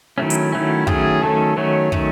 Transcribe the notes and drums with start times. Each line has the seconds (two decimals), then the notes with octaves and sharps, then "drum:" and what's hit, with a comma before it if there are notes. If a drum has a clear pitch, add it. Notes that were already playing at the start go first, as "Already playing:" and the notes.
0.18 D#3 F#3 A3 C#4 E4
0.30 drum: hi-hat
0.52 D#3 F#3 A3 C#4
0.87 D#3 F#3 A3 C#4 G#4, drum: kick
1.22 D#3 F#3 A3 C#4 A4
1.57 D#3 F#3 A3 C#4 C#5
1.92 D#3 F#3 A3 C#4, drum: kick